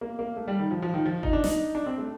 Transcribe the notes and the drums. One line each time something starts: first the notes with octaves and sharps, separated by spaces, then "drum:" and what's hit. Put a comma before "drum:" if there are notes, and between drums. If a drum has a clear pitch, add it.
A#3
A#3
A3
G3
D#3
F3
F3
D#3
F3
D#4, drum: kick G1
D4
D#4, drum: snare
D4
C4
A3